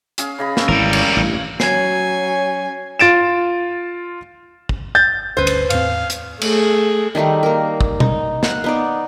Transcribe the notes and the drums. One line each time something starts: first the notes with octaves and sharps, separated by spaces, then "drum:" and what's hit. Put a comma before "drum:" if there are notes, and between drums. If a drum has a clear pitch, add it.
C#4 G#4 F5, drum: hi-hat
C#3 D#5 B5
C#4 A4, drum: snare
G#1 E3 G3 A#4
C#5, drum: cymbal
A1 G2
F#3 C#4 G#5 G#6 C7, drum: snare
F4 A6 D7 E7
drum: kick
G6 A6
G1 D2 C#4 B4 C5
drum: cymbal
E2 A2 C4 F5, drum: cymbal
drum: hi-hat
A3 G#4, drum: cymbal
D#3 G3 A3 D#4
A#3 A#4
drum: kick
D#4, drum: tom B2
F5 F#5, drum: snare
B3 D#4 D5